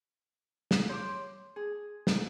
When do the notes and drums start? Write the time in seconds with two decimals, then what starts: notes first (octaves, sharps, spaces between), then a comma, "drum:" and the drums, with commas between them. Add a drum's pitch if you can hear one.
0.71 drum: snare
0.89 C#5 C6 D6
1.56 G#4
2.07 drum: snare